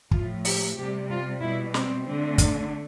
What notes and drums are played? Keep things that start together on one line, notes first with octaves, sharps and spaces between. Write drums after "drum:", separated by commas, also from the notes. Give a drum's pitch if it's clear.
A2 F3 A3 F4, drum: kick
G4, drum: open hi-hat
C3 G3 G4
F4
B2 G3 E4
C4, drum: snare
D3 A3 C4
drum: kick, hi-hat